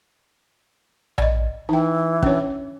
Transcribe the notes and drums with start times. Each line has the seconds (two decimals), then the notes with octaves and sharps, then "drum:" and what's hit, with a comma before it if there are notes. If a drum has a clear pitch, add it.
1.18 D5 D#5, drum: tom A#1
1.69 E3 D#4 G5
2.23 C#4 D4 C#5, drum: kick